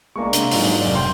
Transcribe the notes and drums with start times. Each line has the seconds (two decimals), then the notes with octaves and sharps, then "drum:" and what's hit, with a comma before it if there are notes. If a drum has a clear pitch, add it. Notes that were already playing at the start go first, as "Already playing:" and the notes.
0.16 G#3 A#3 D4 C#6
0.33 C3 C4, drum: hi-hat
0.51 G#2 F3 F#3, drum: open hi-hat
0.81 F1 F#3 D5
0.94 G5 C6 G6